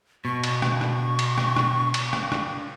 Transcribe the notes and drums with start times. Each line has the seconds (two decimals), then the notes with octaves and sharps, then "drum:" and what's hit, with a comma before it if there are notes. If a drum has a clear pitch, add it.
0.25 B2 C#6
0.44 drum: cymbal
0.62 drum: rim click
0.81 drum: rim click
1.19 drum: cymbal
1.38 drum: rim click
1.56 drum: rim click
1.94 drum: cymbal
2.13 drum: rim click
2.32 drum: rim click